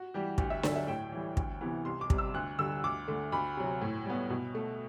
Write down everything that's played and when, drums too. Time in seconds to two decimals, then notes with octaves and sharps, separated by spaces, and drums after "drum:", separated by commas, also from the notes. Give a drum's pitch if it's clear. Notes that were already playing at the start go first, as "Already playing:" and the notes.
Already playing: F#4
0.14 E3 G3 G4
0.38 D2 G4, drum: kick
0.50 E5
0.63 D3 F#3 D5, drum: snare D4
0.75 E5
0.87 A2 G5
1.12 E3 G3
1.37 D2, drum: kick
1.61 C3 E3 B3
1.85 C2 C6
2.01 D6
2.10 C3 G3, drum: kick
2.18 E6
2.34 D2 F#6
2.59 D3 G3 E6
2.84 D2 D6
3.08 D3 A3
3.32 D2 B5
3.57 C3 F#3
3.81 A2
4.06 G3 B3
4.30 B2
4.55 A3